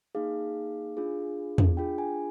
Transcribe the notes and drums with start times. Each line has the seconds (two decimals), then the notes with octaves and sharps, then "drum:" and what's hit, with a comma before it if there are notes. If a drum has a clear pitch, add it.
0.15 A#3 D#4 G#4 F5
0.97 D4 F4 G#4
1.58 drum: tom E2
1.77 D4 F4 G#4 G5
1.98 G#5